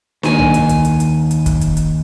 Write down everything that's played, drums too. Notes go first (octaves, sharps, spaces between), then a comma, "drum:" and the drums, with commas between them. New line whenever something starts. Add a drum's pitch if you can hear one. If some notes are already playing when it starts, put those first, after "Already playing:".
D#2 G#5, drum: snare D4
drum: tom C2
drum: hi-hat
drum: hi-hat
drum: hi-hat
drum: hi-hat
drum: hi-hat
drum: kick, hi-hat
drum: hi-hat
drum: hi-hat